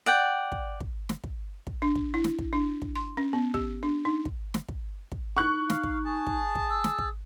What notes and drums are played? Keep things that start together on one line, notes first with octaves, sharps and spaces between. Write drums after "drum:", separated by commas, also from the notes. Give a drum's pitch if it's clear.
D5 F#5 G5
drum: kick
drum: kick
drum: snare
drum: kick
drum: kick
D4
drum: kick
E4
drum: snare
drum: kick
D4
drum: kick
C6
C#4
B3
G4, drum: kick
D4
D#4
drum: kick
drum: snare
drum: kick
drum: kick
D#4 C#6 F#6
F5, drum: snare
drum: kick
G#4 A5
drum: kick
drum: kick
E6
drum: snare
drum: kick